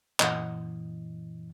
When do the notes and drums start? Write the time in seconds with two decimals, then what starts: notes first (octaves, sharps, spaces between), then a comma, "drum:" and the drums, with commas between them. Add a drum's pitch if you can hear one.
0.20 F#2 A#2 E3 D#5 F#5, drum: clap